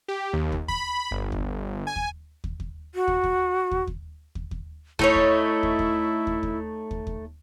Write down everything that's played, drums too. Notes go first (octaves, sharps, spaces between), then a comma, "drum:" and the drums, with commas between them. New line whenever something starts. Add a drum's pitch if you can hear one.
G4
D#2
drum: kick
B5, drum: kick
G1
drum: kick
G#5
drum: kick
drum: kick
drum: kick
F#4
drum: kick
drum: kick
drum: kick
drum: kick
drum: kick
drum: kick
A3 D#4 E4 C#5, drum: kick
drum: kick
drum: kick
drum: kick
drum: kick
drum: kick
drum: kick
drum: kick